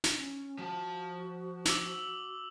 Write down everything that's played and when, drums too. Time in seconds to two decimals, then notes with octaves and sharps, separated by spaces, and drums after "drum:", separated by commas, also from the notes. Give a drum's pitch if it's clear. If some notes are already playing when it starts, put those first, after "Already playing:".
0.04 drum: snare
0.15 C#4
0.59 F3 F#4 A5
1.65 D6 E6 F#7, drum: snare